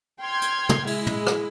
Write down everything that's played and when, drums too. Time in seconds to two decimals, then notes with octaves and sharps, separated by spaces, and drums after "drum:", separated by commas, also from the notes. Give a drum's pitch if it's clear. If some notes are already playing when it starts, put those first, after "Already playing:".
0.22 G5 C6 F6 G#6
0.42 drum: hi-hat
0.69 drum: tom
0.87 G#3 E4, drum: open hi-hat
1.07 drum: tom
1.27 drum: rim click